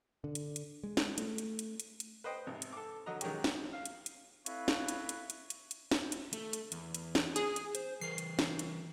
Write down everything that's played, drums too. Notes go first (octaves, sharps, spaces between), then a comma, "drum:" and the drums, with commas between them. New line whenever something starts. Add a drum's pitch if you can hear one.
D3
drum: hi-hat
drum: hi-hat
G#3
drum: snare
A3, drum: hi-hat
drum: hi-hat
drum: hi-hat
drum: hi-hat
drum: hi-hat
B4 C5 D#5 G5
G#1 C3
drum: hi-hat
A4 D6
D3 F#3 D#5 F#5 A#5
D#3 F#3 G#3 C#4 F#4 G4, drum: hi-hat
drum: snare
F5
drum: hi-hat
drum: hi-hat
A3 C4 E4 B4 C#5 F5, drum: hi-hat
drum: snare
drum: hi-hat
drum: hi-hat
drum: hi-hat
drum: hi-hat
drum: hi-hat
drum: snare
drum: hi-hat
A3, drum: hi-hat
drum: hi-hat
E2, drum: hi-hat
drum: hi-hat
drum: snare
G#4 G#5, drum: hi-hat
drum: hi-hat
C5, drum: hi-hat
E3 A#4 C7
drum: hi-hat
drum: snare
drum: hi-hat